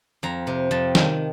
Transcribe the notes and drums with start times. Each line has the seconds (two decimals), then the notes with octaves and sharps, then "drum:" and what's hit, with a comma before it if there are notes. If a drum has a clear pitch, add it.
0.23 F2 A#5
0.47 C3
0.71 F2 A5
0.95 D#3, drum: snare